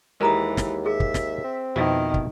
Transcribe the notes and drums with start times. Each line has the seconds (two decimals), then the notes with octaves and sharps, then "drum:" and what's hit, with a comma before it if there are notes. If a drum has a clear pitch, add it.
0.21 D#2 E3 G#3 G4 A#4 A#5 D#6
0.57 drum: snare
0.86 G#4 E5
1.00 drum: kick
1.14 drum: snare
1.44 C4
1.76 F2 B2 D#3 E4
2.14 drum: kick